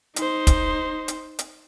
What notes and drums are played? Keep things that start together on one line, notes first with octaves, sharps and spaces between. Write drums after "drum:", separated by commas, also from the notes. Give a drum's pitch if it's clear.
D#4 C5, drum: hi-hat
drum: kick, hi-hat
drum: hi-hat
drum: hi-hat